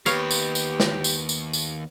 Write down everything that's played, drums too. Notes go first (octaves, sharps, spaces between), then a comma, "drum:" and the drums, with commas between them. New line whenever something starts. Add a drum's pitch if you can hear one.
D#2 B3 G4 C#5 F5, drum: tambourine
drum: tambourine
drum: tambourine
drum: snare
drum: tambourine
drum: tambourine
drum: tambourine